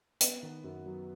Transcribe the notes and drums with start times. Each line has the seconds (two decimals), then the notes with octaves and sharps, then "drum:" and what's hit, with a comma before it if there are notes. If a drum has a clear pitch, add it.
0.21 B3 B4, drum: hi-hat
0.43 D#3
0.64 F#2
0.86 F#3